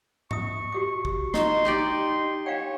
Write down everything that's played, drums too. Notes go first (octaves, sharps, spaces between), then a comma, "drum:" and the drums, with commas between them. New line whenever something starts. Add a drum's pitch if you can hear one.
E5 C#6 D#6, drum: tom G#2
F#4 G4 D6
drum: kick
D#4 D#5 A#5 C6 C#6, drum: snare
D#4 G4 D5
D4 C#5 F5 G5